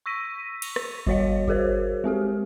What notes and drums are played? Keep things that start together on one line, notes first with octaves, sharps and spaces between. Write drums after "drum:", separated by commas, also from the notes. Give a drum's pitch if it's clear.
C#6 E6 A#6 B6 D#7
drum: cymbal
drum: rim click
G3 F#4 C#5 D#5 F5, drum: kick G1
F#4 G#4 A#4 C5 C#5, drum: kick G1
G#3 C4 G4 A4